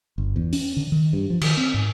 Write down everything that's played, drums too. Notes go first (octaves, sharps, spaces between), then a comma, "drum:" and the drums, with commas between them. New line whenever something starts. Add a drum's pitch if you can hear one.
G1
E2
C#4, drum: open hi-hat
D3
D#3
G2
F3
D#3, drum: cymbal
C4
G#2